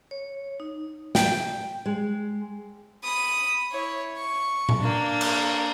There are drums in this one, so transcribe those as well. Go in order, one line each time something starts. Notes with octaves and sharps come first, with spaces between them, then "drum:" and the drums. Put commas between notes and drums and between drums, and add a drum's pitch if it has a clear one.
C#5
D#4
G5, drum: snare
G#3
B5 D#6
E4 C#5
C#6
drum: tom A#2
A#3 D4
drum: cymbal